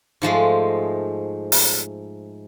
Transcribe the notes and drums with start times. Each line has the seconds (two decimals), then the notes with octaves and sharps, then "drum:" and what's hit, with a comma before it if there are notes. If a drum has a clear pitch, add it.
0.22 G#2 F3 G#3 A3
1.52 drum: open hi-hat